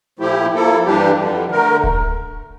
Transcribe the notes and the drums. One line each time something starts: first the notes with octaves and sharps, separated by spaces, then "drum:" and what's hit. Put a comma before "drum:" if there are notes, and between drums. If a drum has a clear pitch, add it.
A#2 F3 A3 E4 G4
F3 A#3 E4 A4
G2 E3 G3 D4 G4
F2 D3 G3
D3 A3 A#4
drum: kick D1